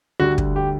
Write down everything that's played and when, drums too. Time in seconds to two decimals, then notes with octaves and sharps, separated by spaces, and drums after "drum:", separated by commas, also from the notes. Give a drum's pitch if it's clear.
0.20 D2 D3 G3 F#4
0.38 drum: kick
0.56 G4